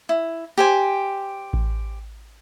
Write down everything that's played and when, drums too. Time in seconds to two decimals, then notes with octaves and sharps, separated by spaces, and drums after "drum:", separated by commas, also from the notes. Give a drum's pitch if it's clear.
0.09 E4
0.58 G4 C5 G#5
1.53 drum: kick A1